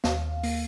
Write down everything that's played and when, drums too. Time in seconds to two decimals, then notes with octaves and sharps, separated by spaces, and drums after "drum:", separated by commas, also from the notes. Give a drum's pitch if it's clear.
0.04 D#2 F5, drum: snare
0.44 A#3, drum: open hi-hat